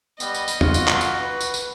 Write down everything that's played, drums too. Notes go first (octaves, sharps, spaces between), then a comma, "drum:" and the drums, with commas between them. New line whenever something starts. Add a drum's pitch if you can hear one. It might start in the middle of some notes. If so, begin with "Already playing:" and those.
G3 B3 D#5, drum: tambourine
drum: tambourine
drum: tambourine
F4 F#4, drum: tom
drum: tambourine
drum: clap
drum: tambourine
B4
drum: tambourine
drum: tambourine